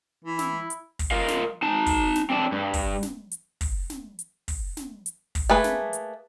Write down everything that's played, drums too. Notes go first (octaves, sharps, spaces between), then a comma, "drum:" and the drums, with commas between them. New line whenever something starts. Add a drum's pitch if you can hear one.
E3
E4, drum: snare
drum: hi-hat
drum: kick, open hi-hat
F4 A#4 D#5 F5
drum: snare
D#4 A5
drum: kick, open hi-hat
drum: snare
C4 D4 D5 A5
G2
drum: kick, open hi-hat
drum: snare
drum: hi-hat
drum: kick, open hi-hat
drum: snare
drum: hi-hat
drum: kick, open hi-hat
drum: snare
drum: hi-hat
drum: kick, open hi-hat
A3 A#3 G#4 B4
drum: snare
drum: hi-hat